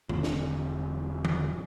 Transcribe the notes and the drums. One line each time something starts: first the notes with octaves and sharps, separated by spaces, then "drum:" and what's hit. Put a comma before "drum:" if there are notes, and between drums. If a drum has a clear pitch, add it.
E1 G#2 D3 C4, drum: tom D3
drum: snare
drum: tom